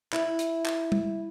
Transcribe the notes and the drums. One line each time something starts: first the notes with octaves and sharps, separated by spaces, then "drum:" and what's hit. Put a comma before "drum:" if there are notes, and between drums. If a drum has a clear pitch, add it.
E4, drum: clap
drum: hi-hat
drum: clap
drum: tom